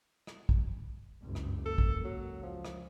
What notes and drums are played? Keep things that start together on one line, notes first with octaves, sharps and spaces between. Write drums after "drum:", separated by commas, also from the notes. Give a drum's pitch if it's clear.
drum: rim click
drum: kick
F#1 C#2 G2
drum: rim click
A#3 A4
drum: kick
C#2 F#3
F3
drum: rim click